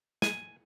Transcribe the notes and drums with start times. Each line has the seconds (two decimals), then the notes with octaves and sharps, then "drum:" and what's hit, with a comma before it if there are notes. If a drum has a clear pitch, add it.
0.22 G#5, drum: snare